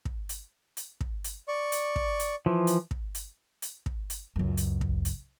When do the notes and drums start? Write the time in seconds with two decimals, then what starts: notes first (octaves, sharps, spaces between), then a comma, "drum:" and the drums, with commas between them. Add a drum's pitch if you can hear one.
0.05 drum: kick
0.29 drum: hi-hat
0.77 drum: hi-hat
1.01 drum: kick
1.24 drum: hi-hat
1.48 D5 C#6
1.72 drum: hi-hat
1.96 drum: kick
2.19 drum: hi-hat
2.46 E3 F3
2.67 drum: hi-hat
2.91 drum: kick
3.15 drum: hi-hat
3.62 drum: hi-hat
3.86 drum: kick
4.10 drum: hi-hat
4.36 C#2 F#2
4.57 drum: hi-hat
4.81 drum: kick
5.05 drum: hi-hat